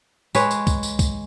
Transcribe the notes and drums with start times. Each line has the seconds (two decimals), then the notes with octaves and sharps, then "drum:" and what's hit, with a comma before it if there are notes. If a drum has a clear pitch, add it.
0.35 G#3 B4 C#5, drum: tambourine
0.51 drum: tambourine
0.67 drum: kick C2, tambourine
0.83 drum: tambourine
0.99 drum: kick C2, tambourine